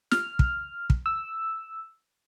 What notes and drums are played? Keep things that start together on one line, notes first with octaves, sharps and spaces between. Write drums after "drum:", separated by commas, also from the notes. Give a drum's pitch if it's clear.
F6, drum: snare
drum: kick
drum: kick
E6